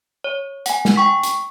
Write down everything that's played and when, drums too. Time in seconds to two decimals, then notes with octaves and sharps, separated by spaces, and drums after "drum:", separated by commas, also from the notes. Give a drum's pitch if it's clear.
0.24 C#5
0.66 F#5 G#5, drum: hi-hat
0.85 drum: snare
0.96 G5 C#6 B6
1.23 drum: hi-hat